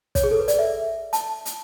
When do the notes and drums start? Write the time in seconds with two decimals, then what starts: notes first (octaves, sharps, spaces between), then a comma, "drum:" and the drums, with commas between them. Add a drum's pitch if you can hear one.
0.15 C#5, drum: kick, hi-hat
0.24 G#4
0.31 A4
0.39 B4
0.48 D5, drum: hi-hat
0.59 E5
1.13 A5, drum: hi-hat
1.45 drum: hi-hat